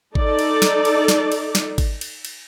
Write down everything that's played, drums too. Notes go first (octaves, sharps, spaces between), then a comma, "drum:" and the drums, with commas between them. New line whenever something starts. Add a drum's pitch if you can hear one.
D#4 A4 D5, drum: kick G#1
drum: cymbal
drum: snare
drum: cymbal
drum: snare
drum: cymbal
drum: snare
drum: kick G#1, cymbal
drum: cymbal
drum: cymbal